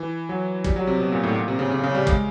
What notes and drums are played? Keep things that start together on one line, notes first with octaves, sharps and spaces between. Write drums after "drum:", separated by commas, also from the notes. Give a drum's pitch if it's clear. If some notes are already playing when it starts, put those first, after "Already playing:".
Already playing: E3
F#3
G3, drum: kick
F#3
C3
B2
A#2
A2
A#2
C3
C#3
C#3
C#3
G3
G#3, drum: kick